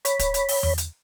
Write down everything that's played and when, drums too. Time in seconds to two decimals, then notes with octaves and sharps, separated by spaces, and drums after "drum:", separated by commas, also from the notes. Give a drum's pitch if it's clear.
0.05 C#5 B5, drum: hi-hat
0.19 drum: kick, hi-hat
0.34 drum: hi-hat
0.49 drum: open hi-hat
0.63 drum: tom E2
0.78 drum: hi-hat